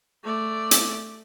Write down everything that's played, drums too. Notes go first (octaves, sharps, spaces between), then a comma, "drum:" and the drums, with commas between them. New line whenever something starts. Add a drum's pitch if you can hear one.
A3 D5
drum: hi-hat